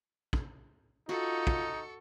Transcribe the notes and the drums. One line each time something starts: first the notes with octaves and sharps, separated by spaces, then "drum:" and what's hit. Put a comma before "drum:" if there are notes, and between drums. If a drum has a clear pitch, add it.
drum: kick
D#4 F4 F#4 A4 C#6
drum: kick